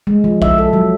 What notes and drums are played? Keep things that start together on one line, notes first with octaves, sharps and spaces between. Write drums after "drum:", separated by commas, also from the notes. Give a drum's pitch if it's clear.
G#3
F3
E5, drum: kick A#1
A4
F#3